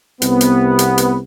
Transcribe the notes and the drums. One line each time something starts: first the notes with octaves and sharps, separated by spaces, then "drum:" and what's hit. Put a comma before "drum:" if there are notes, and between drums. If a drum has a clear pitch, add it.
C2 C3 B3, drum: hi-hat
drum: hi-hat
drum: hi-hat
drum: hi-hat